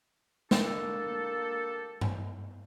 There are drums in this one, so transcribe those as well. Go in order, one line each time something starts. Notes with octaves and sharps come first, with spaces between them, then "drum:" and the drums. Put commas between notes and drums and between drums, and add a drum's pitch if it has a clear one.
A#3 D4 G4 A4, drum: snare
drum: tom G2